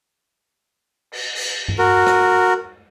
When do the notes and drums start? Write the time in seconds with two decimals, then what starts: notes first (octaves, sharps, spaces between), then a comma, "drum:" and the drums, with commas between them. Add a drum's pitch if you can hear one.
1.12 drum: cymbal
1.35 drum: cymbal
1.68 drum: tom G2
1.79 F#4 A#4
2.06 drum: rim click